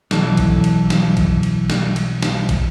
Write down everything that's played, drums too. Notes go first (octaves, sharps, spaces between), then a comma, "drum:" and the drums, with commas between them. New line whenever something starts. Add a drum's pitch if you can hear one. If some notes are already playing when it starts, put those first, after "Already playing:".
B1 E3 A4, drum: snare
drum: kick, cymbal
drum: cymbal
drum: snare
drum: kick, cymbal
drum: cymbal
drum: snare
drum: cymbal
drum: snare
drum: kick, cymbal